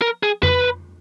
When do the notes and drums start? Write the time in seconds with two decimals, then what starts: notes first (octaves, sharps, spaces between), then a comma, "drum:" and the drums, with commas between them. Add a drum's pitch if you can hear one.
0.02 A#4
0.23 G#4
0.43 B4, drum: tom F2